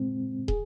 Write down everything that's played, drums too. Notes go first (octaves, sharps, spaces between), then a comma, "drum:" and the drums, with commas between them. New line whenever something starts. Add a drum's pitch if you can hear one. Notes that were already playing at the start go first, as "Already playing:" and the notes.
Already playing: A#2 G#3 C4
G#4, drum: kick